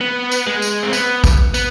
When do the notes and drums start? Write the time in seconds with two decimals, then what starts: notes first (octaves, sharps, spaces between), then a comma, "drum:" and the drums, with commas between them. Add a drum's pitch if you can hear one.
0.01 B3
0.32 drum: tambourine
0.47 G#3
0.62 drum: tambourine
0.83 C4
0.93 B3, drum: tambourine
1.24 drum: kick, tambourine
1.54 B3, drum: tambourine